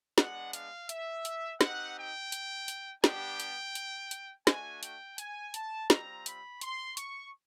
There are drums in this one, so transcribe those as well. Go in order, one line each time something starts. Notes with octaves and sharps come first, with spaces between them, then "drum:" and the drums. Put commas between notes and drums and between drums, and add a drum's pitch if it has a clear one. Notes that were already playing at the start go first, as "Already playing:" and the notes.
G#3 B3 D4 F#5, drum: snare
F5, drum: hi-hat
E5, drum: hi-hat
drum: hi-hat
C4 D#4 G4 F#5, drum: snare
G5
drum: hi-hat
drum: hi-hat
G3 B3 D4 G4 G5, drum: snare
drum: hi-hat
drum: hi-hat
drum: hi-hat
A3 D4 F#4 G#5, drum: snare
G5, drum: hi-hat
G#5, drum: hi-hat
A5, drum: hi-hat
G3 C4 F4 A#5, drum: snare
B5, drum: hi-hat
C6, drum: hi-hat
C#6, drum: hi-hat